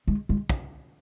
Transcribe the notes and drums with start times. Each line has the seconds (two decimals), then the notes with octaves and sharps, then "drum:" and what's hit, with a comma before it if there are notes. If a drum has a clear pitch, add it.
0.08 G#3
0.29 G#3
0.50 drum: kick